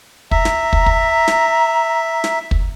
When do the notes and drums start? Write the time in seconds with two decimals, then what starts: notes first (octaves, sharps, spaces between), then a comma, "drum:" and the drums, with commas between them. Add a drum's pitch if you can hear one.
0.31 E5 A#5, drum: kick
0.45 drum: snare
0.73 drum: kick
0.86 drum: kick
1.28 drum: snare
2.24 drum: snare
2.51 drum: kick